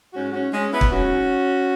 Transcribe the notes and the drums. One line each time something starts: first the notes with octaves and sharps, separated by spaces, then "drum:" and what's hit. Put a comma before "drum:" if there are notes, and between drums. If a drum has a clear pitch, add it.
G#2 F#3 C#4 F#4
C#4 F#4
G#3 C#4
B3 E4
drum: kick
G#2 F#3 C#4 F#4